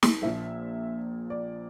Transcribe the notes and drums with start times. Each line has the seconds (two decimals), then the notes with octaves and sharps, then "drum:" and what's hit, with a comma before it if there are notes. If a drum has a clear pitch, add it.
0.03 drum: snare
0.22 A#1 A#2 F3 E5
1.30 D5